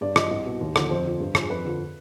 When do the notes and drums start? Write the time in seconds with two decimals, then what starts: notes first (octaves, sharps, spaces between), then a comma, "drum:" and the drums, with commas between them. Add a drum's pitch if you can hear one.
0.01 G2 D5
0.16 F3 D#5, drum: rim click
0.31 C2
0.46 B2
0.61 D#2
0.76 D3 F3, drum: rim click
0.90 F2 C5
1.05 D3 F3
1.20 G2
1.35 F3 G#4, drum: rim click
1.49 F2 B4
1.65 D3 F3